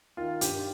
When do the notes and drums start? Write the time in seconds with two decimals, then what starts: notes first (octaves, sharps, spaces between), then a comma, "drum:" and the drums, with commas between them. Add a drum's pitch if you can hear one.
0.17 D#3 F4
0.41 G2 G4, drum: hi-hat